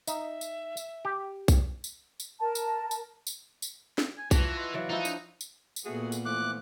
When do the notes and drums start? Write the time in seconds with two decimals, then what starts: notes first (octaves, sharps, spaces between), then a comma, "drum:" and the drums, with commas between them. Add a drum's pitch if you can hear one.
0.07 D#4 E5, drum: tambourine
0.41 drum: tambourine
0.77 drum: tambourine
1.05 G4
1.48 drum: kick B1, tambourine
1.84 drum: tambourine
2.20 drum: tambourine
2.40 A#4 A5
2.55 drum: tambourine
2.91 drum: tambourine
3.27 drum: tambourine
3.62 drum: tambourine
3.98 drum: snare
4.18 G#5
4.31 E3 F4 F#4 A5 G#6, drum: kick B1, tambourine
4.57 D#5 C6
4.74 E3 F#3 D5 F5 F#6
4.90 F3 D#4 E4
5.05 D4 C5, drum: tambourine
5.41 drum: tambourine
5.76 drum: tambourine
5.85 A#2 A3 B3 F#4 G#4
6.12 drum: tambourine
6.25 E3 F3 A3 D6 F#6